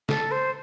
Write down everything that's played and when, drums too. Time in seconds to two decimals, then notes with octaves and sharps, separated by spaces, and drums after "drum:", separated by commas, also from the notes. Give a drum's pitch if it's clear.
0.09 A4, drum: snare
0.31 C5